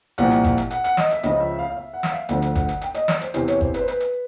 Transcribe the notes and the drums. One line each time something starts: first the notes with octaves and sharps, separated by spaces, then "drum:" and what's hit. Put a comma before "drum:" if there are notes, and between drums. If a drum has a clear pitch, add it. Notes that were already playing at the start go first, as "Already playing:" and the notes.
C2 A#2 F3 F#5, drum: hi-hat
drum: hi-hat
drum: kick G1, hi-hat
drum: hi-hat
F#5, drum: hi-hat
F#5, drum: hi-hat
D#5, drum: snare
E5, drum: hi-hat
C#2 C#3 F3 D#5, drum: hi-hat
E5
F5
F5
E5
F#5
E5, drum: snare
F5
D2 D3 F3 F#5, drum: hi-hat
drum: hi-hat
F#5, drum: kick G1, hi-hat
drum: hi-hat
G5, drum: hi-hat
D#5, drum: hi-hat
D5, drum: snare
C5, drum: hi-hat
E2 C3 E3 C5, drum: hi-hat
C#5, drum: hi-hat
C5, drum: kick G1
B4, drum: hi-hat
C5
B4, drum: hi-hat
drum: hi-hat